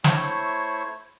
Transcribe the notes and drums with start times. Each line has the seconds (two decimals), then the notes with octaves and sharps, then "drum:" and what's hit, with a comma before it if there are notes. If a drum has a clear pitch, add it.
0.04 A3 E4 C5 C#5, drum: snare